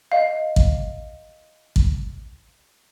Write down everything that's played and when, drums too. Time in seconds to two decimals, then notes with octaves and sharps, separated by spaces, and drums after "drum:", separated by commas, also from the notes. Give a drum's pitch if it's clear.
0.12 D#5 F5
0.56 drum: kick
1.76 drum: kick